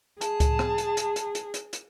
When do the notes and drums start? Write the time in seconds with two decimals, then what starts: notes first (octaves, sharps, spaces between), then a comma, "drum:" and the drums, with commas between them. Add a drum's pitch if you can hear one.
0.21 G#4 A5, drum: hi-hat
0.40 drum: kick C#2, hi-hat
0.59 drum: rim click
0.78 drum: hi-hat
0.97 drum: hi-hat
1.16 drum: hi-hat
1.35 drum: hi-hat
1.54 drum: hi-hat
1.73 drum: hi-hat